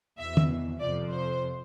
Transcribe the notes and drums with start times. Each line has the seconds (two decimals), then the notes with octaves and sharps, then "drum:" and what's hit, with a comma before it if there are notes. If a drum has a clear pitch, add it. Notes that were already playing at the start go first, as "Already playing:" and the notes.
0.19 E2 B2 E5
0.37 drum: tom
0.80 F2 C3 F3 D5
1.11 C5